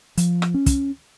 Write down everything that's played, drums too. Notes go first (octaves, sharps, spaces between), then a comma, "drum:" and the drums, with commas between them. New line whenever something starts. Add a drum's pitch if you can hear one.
F3, drum: hi-hat
drum: rim click
C#4
drum: kick, hi-hat